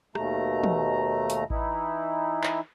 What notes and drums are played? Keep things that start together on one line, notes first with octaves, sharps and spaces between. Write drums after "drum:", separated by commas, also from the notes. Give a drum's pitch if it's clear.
D#2 B2 A3 A#5, drum: rim click
drum: tom
drum: hi-hat
E3 D#4 E4, drum: kick A1
drum: clap